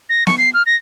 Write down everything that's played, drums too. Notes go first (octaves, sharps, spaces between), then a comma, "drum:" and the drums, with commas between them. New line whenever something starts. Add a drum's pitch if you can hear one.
A#6
C#6, drum: snare B3
C7
F6
A#6